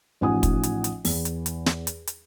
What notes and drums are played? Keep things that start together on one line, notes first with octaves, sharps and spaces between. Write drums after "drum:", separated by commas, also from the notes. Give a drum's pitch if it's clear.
A1 F3 D#4 F#5 G#5 D#6
drum: kick, hi-hat
drum: hi-hat
drum: hi-hat
E2, drum: open hi-hat
drum: hi-hat
drum: hi-hat
drum: snare
drum: hi-hat
drum: hi-hat